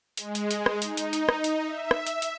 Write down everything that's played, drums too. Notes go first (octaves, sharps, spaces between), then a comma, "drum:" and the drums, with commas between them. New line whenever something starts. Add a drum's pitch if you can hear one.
G#3, drum: hi-hat
drum: hi-hat
drum: hi-hat
drum: rim click
D#4, drum: hi-hat
drum: hi-hat
drum: hi-hat
drum: rim click
drum: hi-hat
E5
drum: rim click
drum: hi-hat
drum: hi-hat